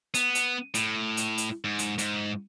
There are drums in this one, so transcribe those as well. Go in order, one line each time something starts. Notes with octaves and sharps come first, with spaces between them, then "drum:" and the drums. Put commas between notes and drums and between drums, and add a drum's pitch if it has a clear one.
B3, drum: hi-hat
drum: hi-hat
A2, drum: hi-hat
drum: hi-hat
drum: hi-hat
G#2
drum: hi-hat
G#2, drum: hi-hat